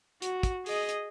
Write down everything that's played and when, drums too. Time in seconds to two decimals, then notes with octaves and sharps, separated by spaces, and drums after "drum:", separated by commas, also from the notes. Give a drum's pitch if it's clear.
0.22 F#4, drum: hi-hat
0.43 drum: kick, hi-hat
0.66 G#4 D#5, drum: open hi-hat
0.89 drum: hi-hat